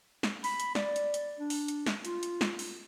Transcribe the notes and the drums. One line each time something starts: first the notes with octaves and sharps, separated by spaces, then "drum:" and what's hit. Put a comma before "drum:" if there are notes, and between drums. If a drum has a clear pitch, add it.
drum: snare
B5, drum: open hi-hat
drum: hi-hat
D5, drum: snare
drum: hi-hat
drum: hi-hat
D4
drum: open hi-hat
drum: hi-hat
drum: snare
F4, drum: hi-hat
drum: hi-hat
drum: snare
drum: open hi-hat